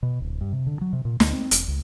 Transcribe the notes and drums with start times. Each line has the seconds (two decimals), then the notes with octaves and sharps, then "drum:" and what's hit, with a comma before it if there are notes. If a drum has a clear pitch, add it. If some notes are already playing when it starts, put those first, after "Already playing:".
0.03 B2
0.20 D1
0.41 G2
0.53 C3
0.66 D3
0.81 F#3
0.93 C3
1.05 A#2
1.20 D2, drum: snare
1.33 C4
1.51 E1, drum: hi-hat
1.68 C#2